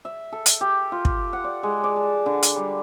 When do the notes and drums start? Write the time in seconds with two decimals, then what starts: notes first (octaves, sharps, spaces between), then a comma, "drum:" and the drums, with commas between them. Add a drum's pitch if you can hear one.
0.05 E5
0.32 A4
0.46 drum: hi-hat
0.61 G4
0.92 F4
1.05 drum: kick
1.33 F#5
1.44 D5
1.63 G#3
1.84 D5
1.96 A5
2.26 D3
2.43 drum: hi-hat
2.56 G3